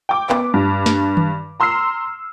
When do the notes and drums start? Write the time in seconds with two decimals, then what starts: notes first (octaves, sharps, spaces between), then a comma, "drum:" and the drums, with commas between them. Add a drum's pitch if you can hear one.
0.09 G5 D6
0.30 B3, drum: clap
0.54 G2
0.86 drum: snare
1.17 drum: tom D#3
1.60 A#5 C6 E6 F6 C7